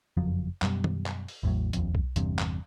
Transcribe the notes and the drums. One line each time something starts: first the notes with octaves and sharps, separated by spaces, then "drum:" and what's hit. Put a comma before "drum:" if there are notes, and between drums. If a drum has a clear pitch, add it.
F#1 F2 F3 F#3
F#2 B2 G3, drum: clap
drum: tom D#3
drum: clap
drum: open hi-hat
A1 E2 A2 F#3
D#1 A#1 F2, drum: hi-hat
drum: kick B1
G1 E2 G2 C3, drum: hi-hat
drum: clap